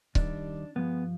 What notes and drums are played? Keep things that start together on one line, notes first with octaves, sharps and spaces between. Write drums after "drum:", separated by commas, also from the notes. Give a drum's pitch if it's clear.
D#2 D#3 G3 D4, drum: kick C#1
G2 F3 G#3 B3